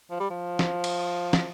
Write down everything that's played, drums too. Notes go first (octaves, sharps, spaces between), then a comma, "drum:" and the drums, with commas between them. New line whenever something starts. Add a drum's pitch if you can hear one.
F3
G3
F3
drum: snare
drum: cymbal
drum: snare